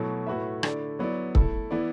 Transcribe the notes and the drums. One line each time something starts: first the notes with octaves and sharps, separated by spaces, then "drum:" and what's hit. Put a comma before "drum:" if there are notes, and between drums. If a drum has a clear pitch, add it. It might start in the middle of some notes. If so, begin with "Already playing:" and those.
Already playing: B2 F#3 A3 E4
A2 A3 F#4 B4 E5
D3 A3 E4 D5, drum: rim click
F#3 B3 E4 D5
A3 E4 A4, drum: kick
E3 B3 E4 D5